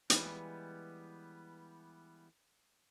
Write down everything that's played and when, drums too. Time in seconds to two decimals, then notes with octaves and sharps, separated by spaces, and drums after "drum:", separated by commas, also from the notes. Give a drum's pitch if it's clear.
0.10 E3 G3 G#3 B3, drum: hi-hat